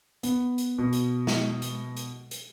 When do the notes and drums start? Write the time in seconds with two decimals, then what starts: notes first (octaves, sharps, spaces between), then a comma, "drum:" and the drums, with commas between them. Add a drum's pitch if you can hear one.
0.23 B3, drum: hi-hat
0.58 drum: hi-hat
0.78 B2
0.93 drum: hi-hat
1.27 drum: snare
1.62 drum: hi-hat
1.96 drum: hi-hat
2.31 drum: hi-hat